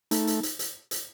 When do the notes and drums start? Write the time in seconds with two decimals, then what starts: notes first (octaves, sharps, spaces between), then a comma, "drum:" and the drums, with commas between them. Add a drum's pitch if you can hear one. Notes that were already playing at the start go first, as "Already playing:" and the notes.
0.11 A3 D#4, drum: hi-hat
0.27 drum: hi-hat
0.43 drum: hi-hat
0.59 drum: hi-hat
0.91 drum: hi-hat